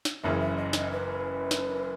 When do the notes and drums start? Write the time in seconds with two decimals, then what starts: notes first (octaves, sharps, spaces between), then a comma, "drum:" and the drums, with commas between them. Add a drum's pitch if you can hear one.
0.05 drum: snare
0.23 F#1 F#2 C#3 E3 E5
0.40 E5
0.57 D#5
0.73 D#5, drum: snare
0.91 B4
1.51 drum: snare